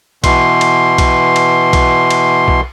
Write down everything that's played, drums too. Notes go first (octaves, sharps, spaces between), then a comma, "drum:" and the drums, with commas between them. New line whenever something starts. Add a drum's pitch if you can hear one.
B2 E3 C6, drum: kick B1, cymbal
drum: cymbal
drum: kick B1, cymbal
drum: cymbal
drum: kick B1, cymbal
drum: cymbal
drum: kick B1